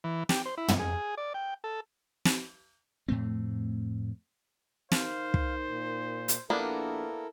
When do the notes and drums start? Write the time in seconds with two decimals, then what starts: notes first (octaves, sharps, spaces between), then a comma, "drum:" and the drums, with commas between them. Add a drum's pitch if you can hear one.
0.04 E3
0.29 G4, drum: snare
0.46 C5
0.58 E4
0.68 drum: tom
0.79 G#4
1.17 D5
1.34 G5
1.64 A4
2.25 drum: snare
3.08 F2 A2 A3 C4
4.92 D#3 C5 F5, drum: snare
5.34 drum: kick
5.66 A#2
6.28 drum: hi-hat
6.50 A#1 A#3 B3 D4 E4 A4 A#4